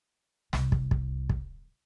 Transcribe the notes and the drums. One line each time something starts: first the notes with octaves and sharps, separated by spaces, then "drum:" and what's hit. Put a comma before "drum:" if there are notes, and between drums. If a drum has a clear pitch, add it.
C2, drum: snare
drum: kick
drum: kick
drum: kick